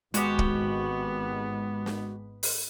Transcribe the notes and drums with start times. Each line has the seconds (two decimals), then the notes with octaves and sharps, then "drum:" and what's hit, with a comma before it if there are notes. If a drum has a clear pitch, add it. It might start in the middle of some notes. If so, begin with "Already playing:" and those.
0.14 G#1 G#3 B3 F#4 G4, drum: hi-hat
0.39 drum: kick
1.86 drum: snare
2.43 drum: open hi-hat